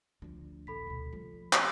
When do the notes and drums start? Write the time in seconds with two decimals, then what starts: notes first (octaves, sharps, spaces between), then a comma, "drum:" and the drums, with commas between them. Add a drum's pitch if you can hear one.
0.22 D2 F3 D4
0.67 A#1 D#2 A4 B5 B6
0.87 D2 B2
1.13 F3 G3 A3
1.53 drum: clap